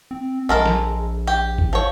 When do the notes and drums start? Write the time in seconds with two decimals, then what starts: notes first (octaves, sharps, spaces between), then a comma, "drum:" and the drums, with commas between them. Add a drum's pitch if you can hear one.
0.11 C4
0.49 A#1 G#3 A4 A#4
0.66 drum: snare
1.27 G4
1.58 drum: kick G#1
1.73 F3 C#5